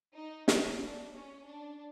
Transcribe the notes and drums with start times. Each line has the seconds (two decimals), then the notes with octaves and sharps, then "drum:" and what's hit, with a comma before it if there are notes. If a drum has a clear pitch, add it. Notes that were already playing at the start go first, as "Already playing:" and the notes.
0.15 D#4
0.48 C#4, drum: snare
0.80 D4
1.13 C#4
1.47 D4